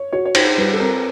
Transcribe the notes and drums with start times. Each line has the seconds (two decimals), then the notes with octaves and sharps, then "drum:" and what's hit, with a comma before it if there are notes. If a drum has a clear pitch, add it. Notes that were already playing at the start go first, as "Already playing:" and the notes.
Already playing: C#5
0.13 F#4 C#5
0.25 C#5
0.35 D#4 C5, drum: cymbal
0.57 G3 B4
0.74 A4
0.80 C4 A#4